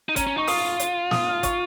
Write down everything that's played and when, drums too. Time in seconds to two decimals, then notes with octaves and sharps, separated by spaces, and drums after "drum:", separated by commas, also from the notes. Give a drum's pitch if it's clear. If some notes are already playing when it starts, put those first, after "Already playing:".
0.09 D#4
0.16 C#4 A#5, drum: kick, hi-hat
0.27 C#4
0.37 D#4 C#6
0.47 F4 D#6, drum: open hi-hat
0.80 drum: hi-hat
1.11 D#6, drum: snare
1.27 F6
1.43 C#6, drum: kick, hi-hat